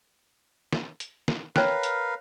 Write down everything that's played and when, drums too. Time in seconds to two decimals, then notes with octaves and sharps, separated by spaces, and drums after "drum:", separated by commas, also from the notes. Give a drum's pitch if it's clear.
0.73 drum: snare
1.00 drum: hi-hat
1.28 drum: snare
1.56 A#4 B4 C#5 F5 G5 F#6, drum: snare
1.83 drum: hi-hat